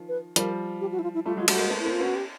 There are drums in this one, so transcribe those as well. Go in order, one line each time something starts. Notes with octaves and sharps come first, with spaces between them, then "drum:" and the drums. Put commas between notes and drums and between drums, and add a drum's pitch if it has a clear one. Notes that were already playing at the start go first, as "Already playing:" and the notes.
Already playing: D#3 F3
B4
F3 G3 A#4, drum: hi-hat
G4
F#4
E4
F4
E4
G3 A3 F4
F#3 G#3 F4
G3 A3 F#4, drum: cymbal
G#3 A#3
A3 B3
E4
A#3 C4
F4
B3 C#4 F#4
G4